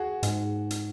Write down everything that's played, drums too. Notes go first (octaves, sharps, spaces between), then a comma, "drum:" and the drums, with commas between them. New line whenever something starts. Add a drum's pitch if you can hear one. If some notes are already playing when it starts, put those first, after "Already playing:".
Already playing: F#4 G#4
G#2, drum: hi-hat
drum: hi-hat